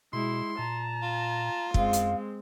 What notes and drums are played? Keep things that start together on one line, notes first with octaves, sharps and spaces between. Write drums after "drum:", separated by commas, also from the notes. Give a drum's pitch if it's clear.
B2 G#3 E4 C6
A#2 A5 A#5
F4
F#2 G#3 C4 F5, drum: kick
drum: hi-hat